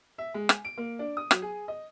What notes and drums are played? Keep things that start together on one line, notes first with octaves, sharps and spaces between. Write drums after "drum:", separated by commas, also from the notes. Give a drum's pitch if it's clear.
E5
G#3
G#5, drum: rim click
D7
A#3
D4
D#6
F#3, drum: rim click
G#4
D#5